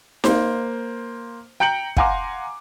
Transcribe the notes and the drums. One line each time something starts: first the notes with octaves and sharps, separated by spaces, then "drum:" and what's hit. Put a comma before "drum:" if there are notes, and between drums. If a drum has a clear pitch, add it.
A#3 C5, drum: snare D#4
G5 A#5 G6 C#7 F#7
F5 F#5 G#5 A#5 C6 D6, drum: kick